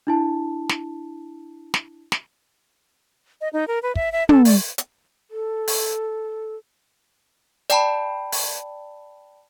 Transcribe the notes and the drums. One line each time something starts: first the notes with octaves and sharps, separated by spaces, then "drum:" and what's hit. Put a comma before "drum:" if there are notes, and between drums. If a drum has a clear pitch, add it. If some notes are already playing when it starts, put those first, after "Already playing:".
D4 E4 A5
drum: snare
drum: snare
drum: snare
D#5
D#4
A#4
B4
E5, drum: kick
E5
A4, drum: tom
D5, drum: open hi-hat
drum: hi-hat
A4
drum: open hi-hat
D5 G5 A5 B5, drum: hi-hat
drum: open hi-hat